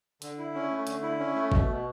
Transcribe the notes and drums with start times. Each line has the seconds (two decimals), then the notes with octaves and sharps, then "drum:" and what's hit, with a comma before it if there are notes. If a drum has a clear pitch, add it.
0.22 D3, drum: hi-hat
0.38 E4
0.54 C#4
0.71 A3
0.87 D3, drum: hi-hat
1.03 E4
1.19 C#4
1.35 A3
1.52 B2, drum: kick G#1
1.68 B2